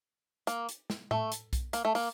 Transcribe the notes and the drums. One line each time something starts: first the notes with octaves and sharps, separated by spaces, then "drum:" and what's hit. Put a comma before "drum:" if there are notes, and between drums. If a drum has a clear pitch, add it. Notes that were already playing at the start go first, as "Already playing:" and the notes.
A#3, drum: hi-hat
drum: hi-hat
drum: snare
A3, drum: tom A2
drum: hi-hat
drum: kick B1, hi-hat
A#3, drum: hi-hat
A3
A#3, drum: open hi-hat